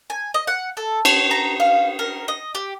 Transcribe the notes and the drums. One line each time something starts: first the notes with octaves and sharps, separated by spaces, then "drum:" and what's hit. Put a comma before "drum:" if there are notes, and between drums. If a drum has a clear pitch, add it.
G#5
D#5
F#5
A4
C#5, drum: cymbal
A#5
F5
A#4
D#5
G4